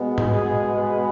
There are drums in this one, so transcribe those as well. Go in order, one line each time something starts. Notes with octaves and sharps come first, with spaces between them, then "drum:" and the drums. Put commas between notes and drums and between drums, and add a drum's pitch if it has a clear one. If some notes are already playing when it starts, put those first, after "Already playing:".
Already playing: B2 G#3 B3
drum: tom G#2
G#4
B4